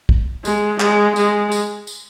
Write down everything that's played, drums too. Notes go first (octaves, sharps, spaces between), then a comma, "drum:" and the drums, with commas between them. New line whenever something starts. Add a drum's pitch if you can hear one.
drum: kick
G#3, drum: tambourine
G#3, drum: clap
G#3, drum: tambourine
drum: tambourine
drum: tambourine